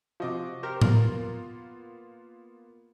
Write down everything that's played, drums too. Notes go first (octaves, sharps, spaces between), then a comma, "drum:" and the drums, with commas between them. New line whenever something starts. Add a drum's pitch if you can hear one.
C3 F3 F#4 D#5 D6
G4 A#4 C5
A#3 B3 F4 A#4, drum: tom A2